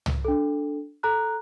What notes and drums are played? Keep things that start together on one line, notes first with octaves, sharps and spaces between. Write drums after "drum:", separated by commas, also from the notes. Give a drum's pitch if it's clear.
drum: tom
D4 A4
A4 A#5 F#6